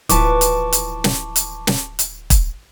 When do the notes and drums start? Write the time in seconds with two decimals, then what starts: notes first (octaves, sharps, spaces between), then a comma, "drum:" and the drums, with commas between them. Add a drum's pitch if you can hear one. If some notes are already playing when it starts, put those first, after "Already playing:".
0.09 D1 E3 F3 B4 A5 C#6 D6, drum: hi-hat
0.41 drum: hi-hat
0.73 drum: hi-hat
1.04 drum: snare
1.36 drum: hi-hat
1.67 drum: snare
1.99 drum: hi-hat
2.30 drum: kick, hi-hat